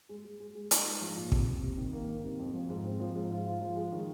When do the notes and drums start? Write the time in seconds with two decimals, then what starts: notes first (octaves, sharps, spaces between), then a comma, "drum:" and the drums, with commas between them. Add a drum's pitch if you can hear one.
0.09 G#3
0.25 G#3
0.40 G#3
0.55 G#3
0.71 D#4, drum: hi-hat
0.86 G#3
1.01 F3
1.17 A#2
1.32 C3, drum: kick
1.47 C3
1.63 C3
1.77 D#3
1.93 A#3
2.09 D#3
2.24 C3
2.39 F2
2.54 F3
2.69 G#2
2.85 C4
3.00 F3
3.15 G#2
3.31 F4
3.46 F4
3.61 F3
3.76 G#3
3.92 D#3